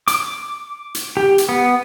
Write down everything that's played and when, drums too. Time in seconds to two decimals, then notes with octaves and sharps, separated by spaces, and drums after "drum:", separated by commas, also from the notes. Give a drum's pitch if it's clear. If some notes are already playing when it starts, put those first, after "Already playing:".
0.08 D6, drum: hi-hat
0.95 drum: hi-hat
1.17 G4
1.38 drum: hi-hat
1.49 B3